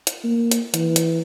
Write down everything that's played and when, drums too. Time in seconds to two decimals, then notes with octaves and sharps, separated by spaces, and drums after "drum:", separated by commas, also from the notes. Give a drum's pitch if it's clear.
0.07 drum: hi-hat
0.24 A#3
0.51 drum: hi-hat
0.74 E3, drum: hi-hat
0.96 drum: hi-hat